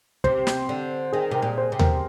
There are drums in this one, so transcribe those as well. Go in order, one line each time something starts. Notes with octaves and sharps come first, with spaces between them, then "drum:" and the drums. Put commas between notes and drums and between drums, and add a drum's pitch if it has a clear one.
C3 C5, drum: kick
drum: snare
D3
D#3 G#4
C3 A#4
A#2
C5
C3
A#4, drum: tom D#2